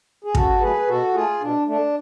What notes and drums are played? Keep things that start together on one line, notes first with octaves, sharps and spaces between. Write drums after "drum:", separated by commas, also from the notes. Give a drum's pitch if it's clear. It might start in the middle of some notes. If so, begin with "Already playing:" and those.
G#4
C#3 F#4 A4, drum: kick
F#3 A3 G#4 B4
B2 F#4 A4
A3 F4 G#4
B2 D4
A3 D4